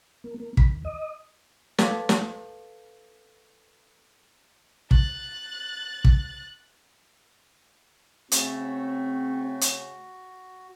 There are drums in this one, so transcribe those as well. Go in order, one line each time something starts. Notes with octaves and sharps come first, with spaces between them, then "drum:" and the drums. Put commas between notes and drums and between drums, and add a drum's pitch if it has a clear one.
A#3
A#3
B5, drum: kick
D#2
D#5
A4 B4 F5 A5 D6 G#6, drum: snare
drum: snare
F#6 A6, drum: kick
drum: kick
C#3 A3 C4 F#4, drum: hi-hat
drum: hi-hat